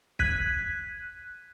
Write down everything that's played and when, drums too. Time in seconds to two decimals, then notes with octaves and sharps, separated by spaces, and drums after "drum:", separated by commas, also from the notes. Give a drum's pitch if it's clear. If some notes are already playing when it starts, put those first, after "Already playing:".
0.19 F#6 G#6 B6 D#7, drum: kick B1